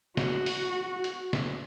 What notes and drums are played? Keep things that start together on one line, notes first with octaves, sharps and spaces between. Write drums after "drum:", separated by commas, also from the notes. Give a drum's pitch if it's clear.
F#4, drum: snare
drum: open hi-hat
drum: hi-hat
drum: snare